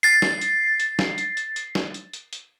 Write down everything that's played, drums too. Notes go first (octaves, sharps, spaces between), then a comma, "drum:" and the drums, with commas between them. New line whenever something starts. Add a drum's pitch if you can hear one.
A6 C7, drum: hi-hat
drum: snare
drum: hi-hat
drum: hi-hat
drum: snare
drum: hi-hat
drum: hi-hat
drum: hi-hat
drum: snare
drum: hi-hat
drum: hi-hat
drum: hi-hat